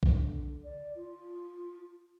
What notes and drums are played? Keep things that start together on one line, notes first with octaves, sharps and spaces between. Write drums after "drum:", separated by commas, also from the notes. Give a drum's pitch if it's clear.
D3, drum: kick A#1
D5
F4